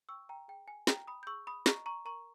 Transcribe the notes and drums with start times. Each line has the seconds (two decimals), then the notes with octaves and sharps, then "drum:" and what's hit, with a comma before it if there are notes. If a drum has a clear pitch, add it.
0.09 G5 C#6 E6
0.29 G5 A#5
0.48 G#4 G5
0.68 G#5
0.87 G5 A#5, drum: snare
1.07 B5 D#6
1.23 G6
1.27 G#4 C#6 E6
1.47 B5 D#6
1.66 D#5 A#5 C#6, drum: snare
1.86 A#5 C#6
2.05 A#4 A#5 C#6